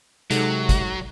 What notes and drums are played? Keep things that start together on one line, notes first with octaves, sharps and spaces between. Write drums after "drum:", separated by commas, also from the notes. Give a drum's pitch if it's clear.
C3 F#3 G#3 D#4 A4, drum: hi-hat
drum: kick, hi-hat